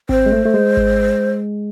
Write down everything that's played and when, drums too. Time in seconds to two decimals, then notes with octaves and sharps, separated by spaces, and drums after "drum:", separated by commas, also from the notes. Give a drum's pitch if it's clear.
0.09 C4 C5, drum: kick G#1
0.26 G#3
0.32 A3
0.45 A3
0.54 G#3
0.77 drum: kick G#1